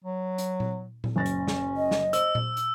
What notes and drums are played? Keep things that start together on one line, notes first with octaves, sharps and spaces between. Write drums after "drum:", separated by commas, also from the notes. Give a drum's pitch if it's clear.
F#3
drum: hi-hat
drum: tom A#2
drum: tom A#2
F#1 C#4 A6 A#6
drum: hi-hat
drum: snare
D#5
drum: snare
C5 E6, drum: hi-hat
drum: tom A#2
drum: hi-hat